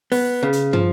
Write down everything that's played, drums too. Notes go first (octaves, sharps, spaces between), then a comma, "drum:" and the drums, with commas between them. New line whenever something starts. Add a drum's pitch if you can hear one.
B3, drum: open hi-hat
C#3
drum: hi-hat
F3, drum: tom